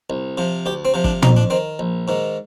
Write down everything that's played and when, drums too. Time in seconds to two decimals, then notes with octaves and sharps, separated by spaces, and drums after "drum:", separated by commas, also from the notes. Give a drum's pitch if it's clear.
0.10 C2
0.38 C3 F3
0.66 D2 G4
0.85 C4
0.94 C3 F3
1.04 D4, drum: kick
1.22 F2 D#4, drum: tom
1.37 D4
1.50 D#3 C4
1.79 A#1
2.08 G#2 D#3